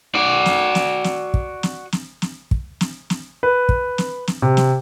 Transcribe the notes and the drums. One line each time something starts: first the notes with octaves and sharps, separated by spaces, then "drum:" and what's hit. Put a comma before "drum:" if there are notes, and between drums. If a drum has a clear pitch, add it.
F#4 D5
drum: snare
drum: snare
drum: snare
drum: kick
drum: snare
drum: snare
drum: snare
drum: kick
drum: snare
drum: snare
B4
drum: kick
drum: snare
drum: snare
C3
drum: snare